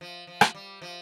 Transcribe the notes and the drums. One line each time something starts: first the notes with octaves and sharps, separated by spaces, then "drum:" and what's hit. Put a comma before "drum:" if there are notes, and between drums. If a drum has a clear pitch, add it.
F3
F3
drum: rim click
G3
F3